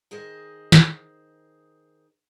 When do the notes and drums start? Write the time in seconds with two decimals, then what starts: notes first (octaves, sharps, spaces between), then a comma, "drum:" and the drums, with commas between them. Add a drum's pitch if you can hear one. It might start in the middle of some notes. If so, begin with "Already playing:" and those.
0.11 D#3 G#4 C5 D#5
0.72 drum: snare